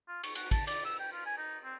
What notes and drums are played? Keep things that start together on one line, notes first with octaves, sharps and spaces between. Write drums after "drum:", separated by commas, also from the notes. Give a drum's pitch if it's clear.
F4
C#6, drum: cymbal
F#4, drum: cymbal
A5, drum: kick, cymbal
D5, drum: cymbal
E6
G5
F4
G#5
D#4
C4